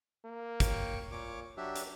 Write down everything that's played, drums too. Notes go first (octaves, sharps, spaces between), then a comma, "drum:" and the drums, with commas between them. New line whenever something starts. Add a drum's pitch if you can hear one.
A#3
C#5 G5 C#6, drum: kick, hi-hat
A#2 C#5 D6
F#3 D4 G4 E5
drum: hi-hat